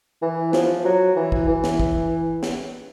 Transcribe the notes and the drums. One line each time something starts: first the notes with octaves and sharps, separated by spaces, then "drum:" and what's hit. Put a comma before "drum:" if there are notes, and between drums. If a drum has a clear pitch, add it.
E3
F3, drum: snare
F#3
E3
drum: kick
E3
drum: snare
drum: kick
drum: snare